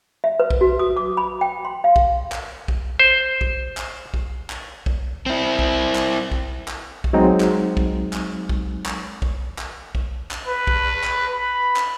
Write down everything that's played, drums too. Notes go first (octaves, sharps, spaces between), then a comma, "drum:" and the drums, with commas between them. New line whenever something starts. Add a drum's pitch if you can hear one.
E5
B4
drum: kick B1
F#4
D#6
D6
B5
G5
C6
F5
drum: kick B1
drum: clap
drum: kick B1
C5
drum: kick B1
drum: clap
drum: kick B1
drum: clap
drum: kick B1
C4 E4
drum: kick B1
drum: clap
drum: kick B1
drum: clap
drum: kick B1
F#3 G#3 C4 D#4
drum: clap
drum: kick B1
drum: clap
drum: kick B1
drum: clap
drum: kick B1
drum: clap
drum: kick B1
drum: clap
B4
drum: kick B1
drum: clap
B5
drum: clap